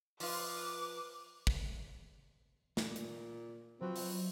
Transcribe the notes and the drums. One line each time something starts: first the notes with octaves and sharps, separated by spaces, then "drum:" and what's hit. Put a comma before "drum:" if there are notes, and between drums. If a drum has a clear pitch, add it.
F3 F4 B4 D6, drum: open hi-hat
drum: kick
A#2, drum: snare
drum: hi-hat
F#3 C4 F4 F#4 B4
drum: open hi-hat